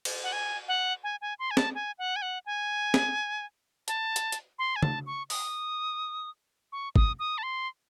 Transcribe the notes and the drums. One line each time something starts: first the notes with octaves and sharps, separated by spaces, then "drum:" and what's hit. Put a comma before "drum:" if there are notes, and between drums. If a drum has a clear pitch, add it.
drum: cymbal
F#5
G#5
F#5
G#5
G#5
C6
G#5
A5, drum: snare
G#5
F#5
G#5
F#5
G#5
drum: snare
A5, drum: hi-hat
drum: hi-hat
drum: hi-hat
C6
G#5
A5, drum: tom
C#6
D#6, drum: open hi-hat
C#6
D#6, drum: kick
D#6
A5
C6